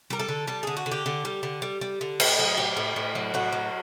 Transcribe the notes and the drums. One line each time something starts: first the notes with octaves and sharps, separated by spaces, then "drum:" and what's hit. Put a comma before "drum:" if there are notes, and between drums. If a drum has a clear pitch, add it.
G3 A#4
A4
D3
G3 A4
D3 G#4
F#4
D3
G4
D3
G3
D3
G3
G3
D3
A2 A4, drum: cymbal
F#3 G#4
A2 G4
A2
A2
F#3
A2 F#4
F#3